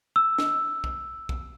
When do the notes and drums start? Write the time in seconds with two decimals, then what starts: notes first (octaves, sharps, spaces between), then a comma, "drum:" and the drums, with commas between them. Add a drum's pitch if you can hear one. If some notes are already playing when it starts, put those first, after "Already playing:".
0.16 E6
0.38 drum: snare
0.84 drum: kick B1
1.29 drum: kick B1